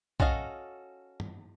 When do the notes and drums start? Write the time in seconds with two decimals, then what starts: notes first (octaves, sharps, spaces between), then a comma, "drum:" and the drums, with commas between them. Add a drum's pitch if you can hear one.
0.20 C#4 F#4 A4 D#5 F5, drum: kick
1.20 drum: tom